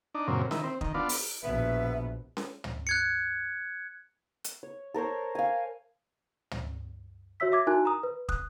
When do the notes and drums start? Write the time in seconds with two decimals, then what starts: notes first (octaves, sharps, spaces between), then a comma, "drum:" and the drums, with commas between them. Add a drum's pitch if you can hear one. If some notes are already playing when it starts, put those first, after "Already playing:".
0.14 D4 D#4
0.28 F#2 A#2 C#3 C4
0.51 D#3 E4, drum: snare C#4
0.64 C4
0.81 D#3, drum: kick
0.94 B3 D4 F4
1.09 drum: open hi-hat
1.43 A#1 B2 B3 B4 E5
2.37 drum: snare C#4
2.64 drum: tom
2.87 F#6 G#6 C#7
4.45 drum: hi-hat
4.63 C#5
4.94 A4 A#4 C5 C#5
5.35 F5 G#5
6.51 drum: tom
7.40 F#4 C#5 E5 E6 B6
7.52 E5 D6 G#6
7.67 D#4 E4 F#4 A#4 G#5 F#6
7.85 A#5 D#6
8.03 B4
8.29 D#6 F#6, drum: kick